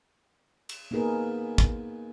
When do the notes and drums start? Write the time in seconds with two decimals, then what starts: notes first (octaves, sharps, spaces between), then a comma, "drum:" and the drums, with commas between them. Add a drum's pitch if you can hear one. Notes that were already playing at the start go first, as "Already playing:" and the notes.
0.69 drum: cymbal
0.91 A#3 B3 D#4 G#4 A#4 B4
1.58 drum: kick